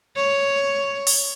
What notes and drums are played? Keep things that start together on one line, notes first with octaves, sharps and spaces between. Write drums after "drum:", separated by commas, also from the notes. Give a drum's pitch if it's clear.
C#5
drum: open hi-hat